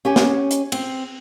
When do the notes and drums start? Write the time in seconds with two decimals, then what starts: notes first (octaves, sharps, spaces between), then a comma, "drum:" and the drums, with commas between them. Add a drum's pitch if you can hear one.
0.05 C#4 G4 G#5
0.16 drum: snare
0.51 drum: hi-hat
0.72 C4, drum: cymbal